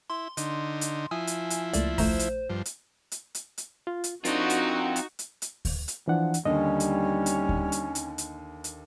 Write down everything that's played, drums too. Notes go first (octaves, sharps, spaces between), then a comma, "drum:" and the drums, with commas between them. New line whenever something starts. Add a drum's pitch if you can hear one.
E4 C6
D3 D#4, drum: hi-hat
drum: hi-hat
F3 E4 G#5 D#6
drum: hi-hat
drum: hi-hat
C#2 A3 A#3 D5, drum: hi-hat
A#1 A3 C5 A#5, drum: kick D2, open hi-hat
drum: hi-hat
G2 F3
drum: hi-hat
drum: hi-hat
drum: hi-hat
drum: hi-hat
F4
drum: hi-hat
C4 D4 D#4 F4 F#4 A#4, drum: hi-hat
drum: hi-hat
drum: hi-hat
drum: hi-hat
drum: hi-hat
drum: kick D2, open hi-hat
drum: hi-hat
E3 F3 D4 F#5
drum: hi-hat
D#2 D3 D#3 G3 C#4 D#5
drum: hi-hat
drum: hi-hat
drum: kick D2
drum: hi-hat
drum: hi-hat
drum: hi-hat
drum: hi-hat